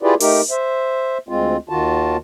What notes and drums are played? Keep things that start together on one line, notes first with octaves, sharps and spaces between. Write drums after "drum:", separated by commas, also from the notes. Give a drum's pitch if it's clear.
E4 F4 G4 G#4 B4 D5
A3 D#4 G4 A#4, drum: open hi-hat
C5 E5
D2 G#3 C4 F4
D#2 D#3 F4 F#4 A5